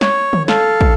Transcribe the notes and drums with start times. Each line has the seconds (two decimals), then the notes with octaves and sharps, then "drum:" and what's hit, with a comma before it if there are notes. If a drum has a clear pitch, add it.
0.01 C#5, drum: snare
0.33 drum: tom D3
0.48 A4 F5, drum: snare
0.81 drum: kick